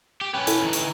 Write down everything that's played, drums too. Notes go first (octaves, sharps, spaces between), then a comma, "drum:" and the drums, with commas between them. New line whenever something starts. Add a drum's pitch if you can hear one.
G4
C#4 B4 G5
E4 A4, drum: hi-hat
E3 D#4
drum: hi-hat